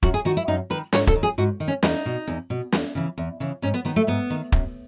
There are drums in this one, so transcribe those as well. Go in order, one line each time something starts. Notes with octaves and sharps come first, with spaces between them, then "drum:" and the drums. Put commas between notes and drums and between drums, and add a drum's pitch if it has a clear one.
F#2 F#4, drum: kick
G#4
D#3 F#4
E4
F#2 D#4
D#3 B4
G#2 C#5, drum: snare
A4, drum: kick
D#3
G#4
G#2 F#4
D#3
C#4
E2 D#4, drum: snare
B2
E2
B2
E2, drum: snare
C#3 E3
E2
C#3 E3
G#2 C#4
B3
D#3 B3
A3
G#2 B3
D#3
F#2, drum: kick